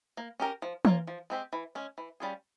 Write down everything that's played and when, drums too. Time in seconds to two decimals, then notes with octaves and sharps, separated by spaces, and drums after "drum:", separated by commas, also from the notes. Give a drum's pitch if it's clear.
0.17 A#3
0.40 C#4 G4 A#4
0.62 F3
0.85 A#3 F4 A#4 C#5, drum: tom E3
1.07 F3
1.30 G#3 C4 G4
1.53 E3
1.75 G#3 C#4
1.98 E3
2.20 G3 C#4 F4 G#4